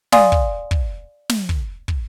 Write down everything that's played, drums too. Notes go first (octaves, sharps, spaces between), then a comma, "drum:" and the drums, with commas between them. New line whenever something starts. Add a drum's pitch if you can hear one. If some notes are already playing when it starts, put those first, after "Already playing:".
D5 F5 G#5 C6 D#6, drum: snare
drum: kick
drum: kick
drum: snare
drum: kick
drum: kick